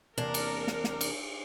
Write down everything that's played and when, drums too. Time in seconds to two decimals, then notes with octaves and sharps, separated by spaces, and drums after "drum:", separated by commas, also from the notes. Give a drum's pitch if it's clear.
0.18 E2 C3 A#3 D4 A#4
0.34 drum: cymbal
0.67 drum: snare
0.84 drum: snare
1.01 drum: cymbal